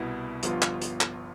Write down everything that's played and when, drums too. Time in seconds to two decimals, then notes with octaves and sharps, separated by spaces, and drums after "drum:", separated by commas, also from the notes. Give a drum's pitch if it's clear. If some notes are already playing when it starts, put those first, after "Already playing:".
Already playing: C2 B2 B3 E4
0.43 G1 G2 F3 B3 F4, drum: hi-hat
0.62 drum: clap
0.82 drum: hi-hat
1.01 drum: clap